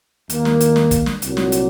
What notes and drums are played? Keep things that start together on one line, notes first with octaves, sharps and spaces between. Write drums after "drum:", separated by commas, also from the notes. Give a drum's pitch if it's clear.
D#2 D#3 A#3, drum: hi-hat
drum: snare
drum: hi-hat
drum: snare
drum: kick, hi-hat
drum: snare
C2 A#2 F#3, drum: hi-hat
drum: snare
drum: hi-hat